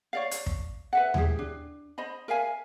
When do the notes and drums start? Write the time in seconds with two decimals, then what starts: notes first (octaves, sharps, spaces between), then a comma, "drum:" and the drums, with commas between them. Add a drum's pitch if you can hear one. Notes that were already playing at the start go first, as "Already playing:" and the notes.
0.13 C#5 D5 F5
0.31 drum: hi-hat
0.46 drum: kick
0.93 B4 E5 F#5
1.14 E4 G4 G#4, drum: tom D#2
1.39 D4
1.98 C5 D#5 B5
2.28 A#4 E5 F5 G#5